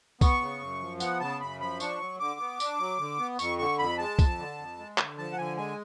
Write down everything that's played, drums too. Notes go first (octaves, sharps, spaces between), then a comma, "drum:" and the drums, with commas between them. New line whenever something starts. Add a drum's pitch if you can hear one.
B3 C#6, drum: kick B1, tambourine
C#3
F#2
F3
B3 F#5, drum: tambourine
C#3 A5
F#2 B5
F3 B5
D4 C#6, drum: tambourine
F#3
D3 D6
B3
D4, drum: tambourine
F#3
D3
B3
F2 C#6, drum: tambourine
D3 C#6
F2 B5
G#3 A5
F2, drum: kick B1, tambourine
D3
F2
G#3
D3, drum: clap
F3 A5
F#5
D3 G#5
G#3 G#5